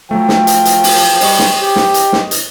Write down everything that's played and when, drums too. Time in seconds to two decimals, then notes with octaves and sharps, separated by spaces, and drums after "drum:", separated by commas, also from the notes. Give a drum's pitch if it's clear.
0.11 F3 F#3 A3 G5
0.29 drum: snare
0.47 drum: hi-hat
0.65 drum: hi-hat
0.84 drum: open hi-hat
1.21 G3 C5 D#5 C#6, drum: open hi-hat
1.39 drum: snare
1.61 G4
1.76 drum: snare
1.94 drum: hi-hat
2.13 drum: snare
2.31 drum: hi-hat